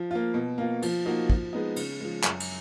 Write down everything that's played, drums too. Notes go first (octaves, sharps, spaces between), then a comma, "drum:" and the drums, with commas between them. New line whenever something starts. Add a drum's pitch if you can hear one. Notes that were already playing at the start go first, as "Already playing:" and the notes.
Already playing: F3
A#3 F4
B2
A#3 F4
F3, drum: cymbal
A#3 D#4 F#4
F3, drum: kick
G#3 B3 D#4
C#3, drum: cymbal
F3 G#3
F#2, drum: clap
drum: cymbal